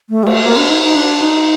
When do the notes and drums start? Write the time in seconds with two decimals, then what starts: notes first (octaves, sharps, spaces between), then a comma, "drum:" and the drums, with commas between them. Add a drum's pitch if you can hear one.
0.10 A3
0.23 G3
0.27 A3, drum: cymbal
0.44 A#3
0.57 D4
0.69 D#4
0.83 D#4
0.95 D4
1.22 D#4